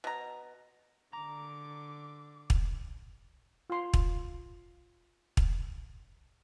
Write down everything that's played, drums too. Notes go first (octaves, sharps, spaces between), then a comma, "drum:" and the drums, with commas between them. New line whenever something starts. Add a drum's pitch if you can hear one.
B2 A#5
D3 A#5 D6
drum: kick
F4 C6
drum: kick
drum: kick